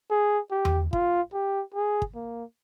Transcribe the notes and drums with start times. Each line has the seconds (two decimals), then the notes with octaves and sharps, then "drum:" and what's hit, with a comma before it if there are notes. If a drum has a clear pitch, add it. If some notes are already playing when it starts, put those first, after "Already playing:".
0.10 G#4
0.51 G4
0.65 drum: tom E2
0.93 F4, drum: kick
1.33 G4
1.75 G#4
2.02 drum: kick
2.15 A#3